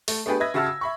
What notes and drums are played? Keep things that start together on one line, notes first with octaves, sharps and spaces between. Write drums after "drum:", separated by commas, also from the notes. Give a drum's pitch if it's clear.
A3, drum: open hi-hat
A3 B3 D4 G4 G#4 B4
B4 D#5 E5 B5 G#6 A#6
C#3 F#4 E5 A5 E6 F6
E6
E5 B5 C#6